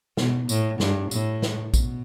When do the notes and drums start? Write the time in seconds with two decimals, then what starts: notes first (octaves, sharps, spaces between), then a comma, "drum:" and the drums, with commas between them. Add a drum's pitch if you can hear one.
0.17 B2, drum: snare
0.49 A2, drum: tambourine
0.80 G2, drum: snare
1.11 A2, drum: tambourine
1.42 drum: snare
1.74 B2, drum: kick, tambourine